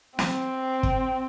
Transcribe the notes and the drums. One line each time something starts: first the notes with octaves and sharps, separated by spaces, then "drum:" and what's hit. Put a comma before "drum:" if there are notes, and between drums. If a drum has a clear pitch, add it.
C4, drum: snare
drum: kick